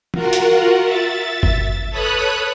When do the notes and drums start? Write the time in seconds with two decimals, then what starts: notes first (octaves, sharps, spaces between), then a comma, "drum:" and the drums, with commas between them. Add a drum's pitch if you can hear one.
0.14 F4 F#4 A#4 F#5, drum: tom
0.33 drum: hi-hat
0.83 E5 A6
1.43 drum: kick G1
1.90 A4 B4 C#5 B5 D#6 F#6